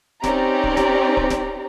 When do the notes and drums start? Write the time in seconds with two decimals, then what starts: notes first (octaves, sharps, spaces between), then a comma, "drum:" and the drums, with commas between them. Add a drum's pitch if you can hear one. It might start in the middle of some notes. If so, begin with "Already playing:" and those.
0.24 C4 C#4 D#4 G4 D5 A#5, drum: snare D1
0.64 drum: kick D1
0.77 drum: snare D1
1.17 drum: kick D1
1.30 drum: snare D1